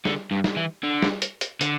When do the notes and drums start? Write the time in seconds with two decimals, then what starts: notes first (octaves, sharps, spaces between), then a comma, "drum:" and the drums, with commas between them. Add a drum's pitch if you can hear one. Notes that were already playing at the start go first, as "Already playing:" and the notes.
0.05 D3, drum: snare
0.31 G2
0.44 drum: snare
0.57 E3
0.83 D3
1.02 drum: snare
1.22 drum: hi-hat
1.41 drum: hi-hat
1.61 D3, drum: hi-hat